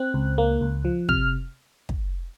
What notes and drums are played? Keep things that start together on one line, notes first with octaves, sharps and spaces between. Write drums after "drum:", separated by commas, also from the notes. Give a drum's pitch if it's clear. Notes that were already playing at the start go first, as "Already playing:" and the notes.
Already playing: C4 F#6
C#2
A#3
C#2
F3
C3 F6, drum: kick
drum: kick